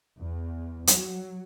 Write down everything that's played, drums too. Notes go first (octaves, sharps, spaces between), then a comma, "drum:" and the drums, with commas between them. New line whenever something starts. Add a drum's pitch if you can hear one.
E2
F#3, drum: hi-hat